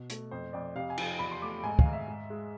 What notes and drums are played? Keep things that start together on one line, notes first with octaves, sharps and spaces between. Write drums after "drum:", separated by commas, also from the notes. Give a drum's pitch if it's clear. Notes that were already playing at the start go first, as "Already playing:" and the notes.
Already playing: B2
A3, drum: hi-hat
F2 C5
F2 D5
C3 F5
G#5
F3, drum: cymbal
E2 B5
C6
A3 D6
G#2 G#5
F5, drum: kick
G#2
E5
G#2
G#3